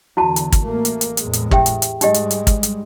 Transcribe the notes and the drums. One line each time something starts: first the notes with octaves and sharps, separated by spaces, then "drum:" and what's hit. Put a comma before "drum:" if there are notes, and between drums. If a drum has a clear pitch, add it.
E2 D3 E4 F#4 A5
drum: hi-hat
drum: kick, hi-hat
A1 A3 A#3
drum: hi-hat
drum: hi-hat
E2 A2 G#3, drum: hi-hat
drum: hi-hat
G4 E5 G5, drum: kick
drum: hi-hat
drum: hi-hat
G#2 G3 G#3 D#4 G4 D#5, drum: hi-hat
drum: hi-hat
drum: hi-hat
drum: kick, hi-hat
drum: hi-hat